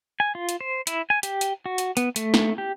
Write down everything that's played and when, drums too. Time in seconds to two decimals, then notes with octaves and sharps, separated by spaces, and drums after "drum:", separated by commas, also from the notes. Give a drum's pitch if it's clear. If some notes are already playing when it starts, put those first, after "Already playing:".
0.20 G#5
0.35 F4
0.49 drum: hi-hat
0.61 C5
0.87 E4, drum: hi-hat
1.10 G#5
1.23 G4, drum: hi-hat
1.41 drum: hi-hat
1.66 F#4
1.78 drum: hi-hat
1.97 B3, drum: hi-hat
2.16 A3, drum: hi-hat
2.34 drum: snare
2.58 G4